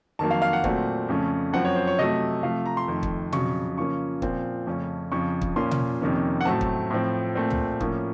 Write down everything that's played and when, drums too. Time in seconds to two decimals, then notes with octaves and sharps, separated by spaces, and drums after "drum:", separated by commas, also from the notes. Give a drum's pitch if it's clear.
0.19 F2 D#3 F#3 A#3 A5
0.31 F5
0.42 F5
0.53 F#5
0.64 A#2 F#3 A3 C4, drum: kick
1.08 F2 C#3 A3 C#4
1.53 F#2 F3 C4 F#5
1.65 C#5
1.76 C5
1.87 C#5
1.98 C3 F#3 A3 D#5
2.43 C3 F3 A3 F5
2.66 A#5
2.77 C6
2.88 F2 D#3 A3
3.03 drum: kick
3.32 F2 C#3 F#3 C#6, drum: tom B2
3.77 C#3 F3 A#3 C#4 C#6
4.22 A#2 F3 C4, drum: kick
4.67 F2 C#3 A3 C#4
5.11 F2 C#3 F3 C#6
5.42 drum: kick
5.56 A#2 F3 A#3 C#4 C6
5.71 drum: tom B2
6.01 F2 C3 D#3 A#3 C#4
6.41 F#5
6.45 A2 F#3 A3 C4 A5
6.61 drum: kick
6.91 A2 F3 C4
7.35 A#2 A3 C4
7.50 drum: tom
7.81 A2 F3 A#3 C#4, drum: kick